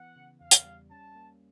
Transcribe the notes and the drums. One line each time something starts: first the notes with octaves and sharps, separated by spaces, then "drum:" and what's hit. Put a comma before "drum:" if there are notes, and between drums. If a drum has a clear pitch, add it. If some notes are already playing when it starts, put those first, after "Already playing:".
Already playing: E3 B3 F#5
C#3
E2 F5
drum: hi-hat
G3
C#4 A5
A#3